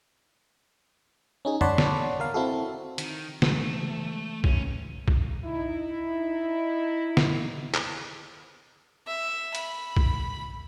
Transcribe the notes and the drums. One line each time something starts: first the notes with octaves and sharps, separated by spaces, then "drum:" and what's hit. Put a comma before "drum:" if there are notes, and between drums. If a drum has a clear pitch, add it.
C#4 D#4 G#4
C#5 D5 F#5 A5 B5 C6, drum: tom
drum: snare
A#4 F5
C4 E4 F#4 A4
D#3, drum: hi-hat
C#3 E3 G#3 A3, drum: snare
A1 C#4, drum: kick B1
drum: kick B1
D#4 E4
drum: snare
drum: clap
E5
B5, drum: hi-hat
drum: kick B1